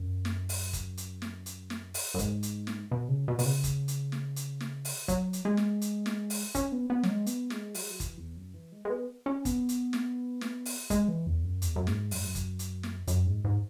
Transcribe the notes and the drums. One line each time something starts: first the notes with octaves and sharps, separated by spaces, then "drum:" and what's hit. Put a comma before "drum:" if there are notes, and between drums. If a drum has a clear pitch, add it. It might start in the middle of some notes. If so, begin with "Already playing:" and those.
Already playing: F#2
drum: snare
drum: open hi-hat
drum: kick G1, hi-hat
drum: hi-hat
drum: snare
drum: hi-hat
drum: snare
drum: open hi-hat
F#2
G#2, drum: kick G1, hi-hat
drum: hi-hat
drum: snare
B2
C#3
B2
B2, drum: open hi-hat
C#3
drum: kick G1, hi-hat
drum: hi-hat
drum: snare
drum: hi-hat
drum: snare
drum: open hi-hat
F#3, drum: kick G1, hi-hat
drum: hi-hat
G#3
drum: snare
drum: hi-hat
drum: snare
drum: open hi-hat
C#4, drum: kick G1, hi-hat
B3
B3
F#3, drum: snare
G#3
B3, drum: hi-hat
G#3, drum: snare
F#3, drum: open hi-hat
G#3
F#3
E3, drum: kick G1, hi-hat
E2
F#2
E3
G#3
G#3
B3
C#4
B3, drum: kick G1, hi-hat
drum: hi-hat
drum: snare
drum: snare
drum: open hi-hat
G#3, drum: kick G1, hi-hat
E3
E2
F#2
E2, drum: hi-hat
F#2
G#2, drum: snare
F#2, drum: open hi-hat
G#2
F#2
drum: kick G1, hi-hat
drum: hi-hat
drum: snare
F#2, drum: hi-hat
G#2
G#2